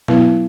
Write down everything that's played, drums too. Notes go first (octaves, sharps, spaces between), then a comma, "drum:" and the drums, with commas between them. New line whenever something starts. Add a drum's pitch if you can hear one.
F#3 B3 E4 B4, drum: tom B2